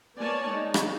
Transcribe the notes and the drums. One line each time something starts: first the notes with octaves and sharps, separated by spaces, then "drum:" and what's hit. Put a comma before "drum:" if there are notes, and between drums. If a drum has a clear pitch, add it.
A#3 B3 C#5 D5 G#5 A5
G#3 D#4
drum: rim click